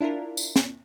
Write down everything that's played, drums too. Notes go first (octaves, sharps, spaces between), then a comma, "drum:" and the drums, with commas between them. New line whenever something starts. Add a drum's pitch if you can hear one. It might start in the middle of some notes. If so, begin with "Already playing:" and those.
D4 E4 F4 A#4
drum: tambourine
drum: snare